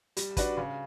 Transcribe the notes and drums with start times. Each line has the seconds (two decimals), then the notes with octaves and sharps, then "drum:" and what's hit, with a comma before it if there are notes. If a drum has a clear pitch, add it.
0.17 G3, drum: hi-hat
0.37 D4 F#4 B4, drum: kick, hi-hat
0.57 C#3